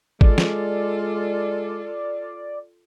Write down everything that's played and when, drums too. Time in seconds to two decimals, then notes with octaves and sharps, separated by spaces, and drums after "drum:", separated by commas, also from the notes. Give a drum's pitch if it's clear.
0.21 G#3 F4 A4 D5, drum: kick G#1
0.38 drum: snare